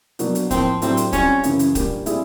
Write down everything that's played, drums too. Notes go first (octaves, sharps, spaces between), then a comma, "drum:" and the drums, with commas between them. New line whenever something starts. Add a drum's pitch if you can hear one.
B2 F#3 A#3 D4 F#4, drum: hi-hat
drum: hi-hat
A2 F3 A#3 C4, drum: kick, hi-hat
A2 F#3 A3 C4 D4 G4, drum: hi-hat
drum: hi-hat
G3 C4 C#4 F4, drum: kick, hi-hat
F#2 C#3 E3, drum: hi-hat
drum: hi-hat
A#2 G3 A#3 D4 G4, drum: kick, hi-hat
G3 C4 E4 G#4, drum: hi-hat